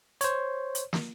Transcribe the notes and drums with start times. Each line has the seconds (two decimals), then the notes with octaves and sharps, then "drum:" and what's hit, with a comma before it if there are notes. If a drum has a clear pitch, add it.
0.21 C5 C#5, drum: hi-hat
0.75 drum: hi-hat
0.93 drum: snare